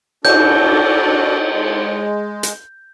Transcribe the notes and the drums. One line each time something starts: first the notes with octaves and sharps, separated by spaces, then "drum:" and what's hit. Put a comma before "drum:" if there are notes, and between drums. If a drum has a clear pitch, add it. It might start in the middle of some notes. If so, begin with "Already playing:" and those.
D4 F#4 A4 G6, drum: cymbal
G#3
drum: hi-hat